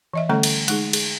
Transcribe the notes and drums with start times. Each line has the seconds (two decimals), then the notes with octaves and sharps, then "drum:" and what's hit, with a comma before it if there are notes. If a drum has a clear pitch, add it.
0.14 E3 D#5 E5
0.29 D3 G3 A3 C#4 A4 A#5
0.43 drum: cymbal
0.68 G#3 D#4 G#4, drum: cymbal
0.93 G#4, drum: cymbal